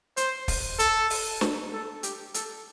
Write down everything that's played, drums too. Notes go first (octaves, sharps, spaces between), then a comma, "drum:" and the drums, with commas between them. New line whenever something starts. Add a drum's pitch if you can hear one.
C5, drum: hi-hat
drum: kick, open hi-hat
A4, drum: hi-hat
drum: open hi-hat
drum: snare
A4
G4, drum: hi-hat
A4, drum: hi-hat